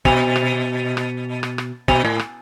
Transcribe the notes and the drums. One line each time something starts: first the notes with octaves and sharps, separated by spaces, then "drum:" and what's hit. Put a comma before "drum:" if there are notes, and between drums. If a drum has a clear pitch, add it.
B2, drum: kick
drum: rim click
drum: rim click
drum: rim click
drum: rim click
B2, drum: kick
A2
drum: rim click